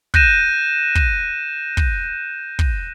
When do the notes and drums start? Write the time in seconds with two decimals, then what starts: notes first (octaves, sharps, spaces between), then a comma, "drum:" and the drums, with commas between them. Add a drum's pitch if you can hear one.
0.14 F#6 G6 A#6 D#7 E7, drum: kick
0.95 drum: kick
1.77 drum: kick
2.59 drum: kick